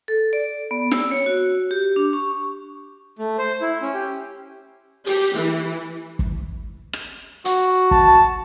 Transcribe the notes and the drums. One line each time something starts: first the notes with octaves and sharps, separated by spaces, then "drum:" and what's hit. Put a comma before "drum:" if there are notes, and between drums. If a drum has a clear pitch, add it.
A4
D5
B3
E6, drum: snare
C#5
F#4
G4
D4
C#6
A3
C5
E4
C#4
G4
G4, drum: open hi-hat
E3
drum: kick G1
drum: rim click
F#4, drum: hi-hat
A5, drum: kick G1